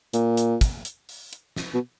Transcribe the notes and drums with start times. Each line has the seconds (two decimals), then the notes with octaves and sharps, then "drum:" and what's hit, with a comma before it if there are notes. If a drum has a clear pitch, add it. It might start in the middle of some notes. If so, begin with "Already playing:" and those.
0.14 A#2, drum: hi-hat
0.37 drum: hi-hat
0.61 drum: kick, hi-hat
0.85 drum: hi-hat
1.09 drum: open hi-hat
1.33 drum: hi-hat
1.56 drum: snare
1.74 B2